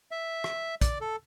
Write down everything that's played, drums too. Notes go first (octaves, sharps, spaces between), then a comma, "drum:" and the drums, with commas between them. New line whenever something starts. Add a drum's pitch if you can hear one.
E5
drum: rim click
D5, drum: kick, hi-hat
A4